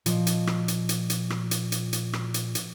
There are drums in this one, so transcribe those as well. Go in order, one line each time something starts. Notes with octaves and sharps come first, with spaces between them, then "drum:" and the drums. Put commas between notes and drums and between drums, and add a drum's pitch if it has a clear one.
A#2 F3 D#5, drum: hi-hat
drum: hi-hat
drum: rim click
drum: hi-hat
drum: hi-hat
drum: hi-hat
drum: rim click
drum: hi-hat
drum: hi-hat
drum: hi-hat
drum: rim click
drum: hi-hat
drum: hi-hat